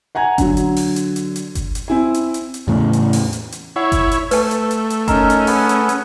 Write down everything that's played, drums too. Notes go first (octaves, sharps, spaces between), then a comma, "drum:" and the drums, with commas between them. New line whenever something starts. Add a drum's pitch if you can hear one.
F#5 G#5 A#5 G#6
D3 F#3, drum: kick G1, hi-hat
drum: hi-hat
drum: open hi-hat
drum: hi-hat
drum: hi-hat
drum: hi-hat
drum: kick G1, hi-hat
drum: hi-hat
C4 E4 G#5
drum: hi-hat
drum: hi-hat
drum: hi-hat
E2 A2 C#3
drum: hi-hat
drum: open hi-hat
drum: hi-hat
drum: hi-hat
E4 C#5 F#5
drum: kick G1, hi-hat
drum: hi-hat
A3 B4 A5, drum: open hi-hat
drum: hi-hat
drum: hi-hat
drum: hi-hat
C#4 D#4 A#4 A#5, drum: kick G1, hi-hat
drum: hi-hat
G#4 B4 F#5, drum: open hi-hat
drum: hi-hat
drum: hi-hat